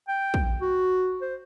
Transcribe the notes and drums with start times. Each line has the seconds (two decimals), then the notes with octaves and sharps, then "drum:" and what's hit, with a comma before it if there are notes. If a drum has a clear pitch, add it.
0.08 G5
0.34 drum: kick
0.61 F#4
1.22 C5